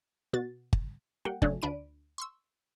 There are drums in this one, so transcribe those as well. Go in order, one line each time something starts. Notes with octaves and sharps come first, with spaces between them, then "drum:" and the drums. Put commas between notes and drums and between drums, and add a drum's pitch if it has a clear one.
B2 F#4 A6
drum: kick G1
G3 A#3 F#5 G5
C#3 F#3 A3 D4 G#5, drum: kick G1
D2 D4 B5 D7 D#7
C6 C#6 E6